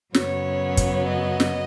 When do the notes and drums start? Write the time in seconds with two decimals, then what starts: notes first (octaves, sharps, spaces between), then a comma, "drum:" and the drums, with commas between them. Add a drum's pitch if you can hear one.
0.14 F#2 C#3 F#3 B3 C#5, drum: snare
0.77 drum: kick, hi-hat
1.09 D#5
1.40 drum: snare